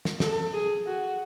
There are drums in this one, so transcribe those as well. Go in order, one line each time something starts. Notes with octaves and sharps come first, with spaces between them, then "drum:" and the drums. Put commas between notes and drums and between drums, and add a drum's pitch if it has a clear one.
drum: snare
A4, drum: snare
G#4
F#4